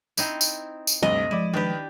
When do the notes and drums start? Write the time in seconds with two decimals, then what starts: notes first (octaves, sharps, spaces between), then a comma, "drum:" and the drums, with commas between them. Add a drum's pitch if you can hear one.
0.17 C4 D#4 E4, drum: tambourine
0.41 drum: tambourine
0.87 drum: tambourine
1.03 D2 G2 C3 D#5
1.31 F3 G#3 E4 D5 D#7
1.53 D#3 D4 D#4 G4 B4